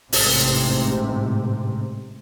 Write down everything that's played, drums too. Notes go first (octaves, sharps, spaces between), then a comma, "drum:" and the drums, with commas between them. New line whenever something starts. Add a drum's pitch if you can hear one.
A1 G#2 C3, drum: open hi-hat